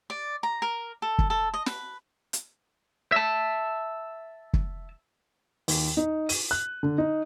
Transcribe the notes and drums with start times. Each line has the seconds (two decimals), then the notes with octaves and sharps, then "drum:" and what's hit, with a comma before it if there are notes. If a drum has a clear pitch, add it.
0.10 D5
0.43 A#5
0.62 A#4
1.02 A4
1.19 drum: kick
1.30 A4
1.54 D#5
1.66 B4, drum: snare
2.33 drum: hi-hat
3.12 E5 A5
4.53 drum: kick
5.68 D#2, drum: open hi-hat
5.97 D#4
6.29 D#7, drum: open hi-hat
6.51 F#6
6.83 D3
6.98 D#4